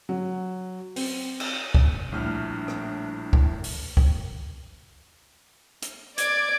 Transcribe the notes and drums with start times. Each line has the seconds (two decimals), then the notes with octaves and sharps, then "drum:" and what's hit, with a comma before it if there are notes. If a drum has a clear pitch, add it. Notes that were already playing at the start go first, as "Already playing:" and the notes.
0.09 F#3
0.96 C4, drum: open hi-hat
1.40 drum: cymbal
1.75 drum: kick
2.12 A#1 A2 G3 A3 D4 F6
2.68 drum: rim click
3.33 drum: kick
3.64 drum: open hi-hat
3.97 drum: kick
5.82 drum: hi-hat
6.18 D5 D6 G#6, drum: hi-hat